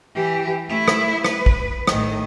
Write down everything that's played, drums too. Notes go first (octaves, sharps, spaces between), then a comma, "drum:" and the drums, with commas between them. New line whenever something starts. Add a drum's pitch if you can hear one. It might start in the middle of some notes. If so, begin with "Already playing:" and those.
E3 G4
A3 E4
drum: rim click
B4, drum: rim click
drum: kick
A2 D#3, drum: rim click